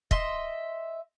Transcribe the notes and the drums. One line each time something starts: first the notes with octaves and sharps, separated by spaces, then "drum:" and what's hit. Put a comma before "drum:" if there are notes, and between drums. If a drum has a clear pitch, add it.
D#5 E5 C6, drum: kick